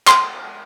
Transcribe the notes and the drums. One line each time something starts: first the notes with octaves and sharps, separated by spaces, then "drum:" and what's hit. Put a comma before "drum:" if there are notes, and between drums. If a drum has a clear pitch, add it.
C6, drum: clap